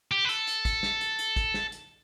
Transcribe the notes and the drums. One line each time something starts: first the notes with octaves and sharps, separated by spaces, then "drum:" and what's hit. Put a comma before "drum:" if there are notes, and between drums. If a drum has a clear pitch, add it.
G4
B4
A4, drum: hi-hat
drum: hi-hat
drum: kick, hi-hat
drum: snare
drum: hi-hat
drum: hi-hat
drum: kick, hi-hat
drum: snare
drum: hi-hat